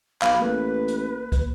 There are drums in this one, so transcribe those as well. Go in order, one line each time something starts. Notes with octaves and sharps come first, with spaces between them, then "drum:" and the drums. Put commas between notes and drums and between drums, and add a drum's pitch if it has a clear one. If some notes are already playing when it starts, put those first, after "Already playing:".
B1 F5 B5, drum: clap
A1 A#3 B4
drum: hi-hat
drum: kick, hi-hat